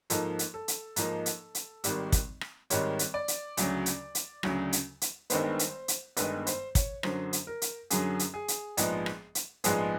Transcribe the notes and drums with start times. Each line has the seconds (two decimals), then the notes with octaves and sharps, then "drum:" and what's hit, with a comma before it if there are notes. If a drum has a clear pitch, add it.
0.10 G#2 F3 A#3 D#4 A4, drum: hi-hat
0.39 drum: hi-hat
0.54 A4
0.68 drum: hi-hat
0.96 G#2 F3 A#3 D#4, drum: hi-hat
1.26 drum: hi-hat
1.55 drum: hi-hat
1.84 G#1 G#2 D#3 G3, drum: hi-hat
2.12 drum: kick, hi-hat
2.41 drum: rim click
2.70 G#1 G#2 D#3 G3 C#5, drum: hi-hat
2.99 drum: hi-hat
3.14 D5
3.28 drum: hi-hat
3.57 D2 C#3 F#3, drum: hi-hat
3.86 drum: hi-hat
4.15 drum: hi-hat
4.43 D2 C#3 F#3, drum: rim click
4.73 drum: hi-hat
5.01 drum: hi-hat
5.30 G1 G2 D#3 G#3 B3 C5, drum: hi-hat
5.59 drum: hi-hat
5.88 drum: hi-hat
6.17 G1 G2 D#3 G#3 B3 B4, drum: hi-hat
6.47 C5, drum: hi-hat
6.75 C#5, drum: kick, hi-hat
7.03 F#2 D3 F#3 C5, drum: rim click
7.33 drum: hi-hat
7.47 A#4
7.62 drum: hi-hat
7.90 F#2 D3 F#3 G#4, drum: hi-hat
8.19 drum: hi-hat
8.34 G#4
8.48 drum: hi-hat
8.77 A#1 G#2 F3 G#3 B3, drum: hi-hat
9.06 drum: rim click
9.35 drum: hi-hat
9.64 A#1 G#2 F3 G#3 B3 G#4, drum: hi-hat